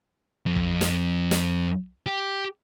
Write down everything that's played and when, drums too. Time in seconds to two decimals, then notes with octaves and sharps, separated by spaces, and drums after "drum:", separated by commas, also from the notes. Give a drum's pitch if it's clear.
0.46 F2
0.56 drum: kick
0.81 drum: snare
1.31 drum: snare
2.06 G4